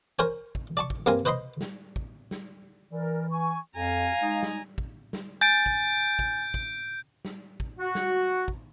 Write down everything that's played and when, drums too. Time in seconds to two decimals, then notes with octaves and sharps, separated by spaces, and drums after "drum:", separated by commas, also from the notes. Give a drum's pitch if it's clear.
0.19 A#4 C5 C#5 G#5
0.55 drum: kick
0.77 D5 A5 C#6
0.90 drum: kick
1.06 G2 A#3 C4 A#4 G#5
1.25 B4 C5 D#5 B5 C6
1.61 drum: snare
1.96 drum: kick
2.31 drum: snare
2.92 E3 A#4 D5
3.30 G#5 C#6
3.76 F2 F5 G#5 A#5
4.22 G#3 D#4
4.43 drum: snare
4.78 drum: kick
5.13 drum: snare
5.41 G#5 G6 A6 D7
5.66 drum: kick
6.19 drum: kick
6.54 drum: kick
7.25 drum: snare
7.60 drum: kick
7.79 F#4
7.95 drum: snare
8.48 drum: kick